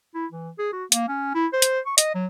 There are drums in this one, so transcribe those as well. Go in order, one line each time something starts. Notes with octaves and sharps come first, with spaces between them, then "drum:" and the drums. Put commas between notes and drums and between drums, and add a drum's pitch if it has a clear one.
E4
E3
G#4
F#4
A#3, drum: hi-hat
C#4
E4
C5
drum: hi-hat
C#6
D#5, drum: hi-hat
F#3